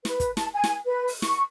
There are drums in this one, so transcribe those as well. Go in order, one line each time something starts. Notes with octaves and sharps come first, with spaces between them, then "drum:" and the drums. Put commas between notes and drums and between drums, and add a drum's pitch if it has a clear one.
B4, drum: snare
drum: kick, hi-hat
A5, drum: snare
G#5
drum: snare
B4
drum: open hi-hat
C#6, drum: snare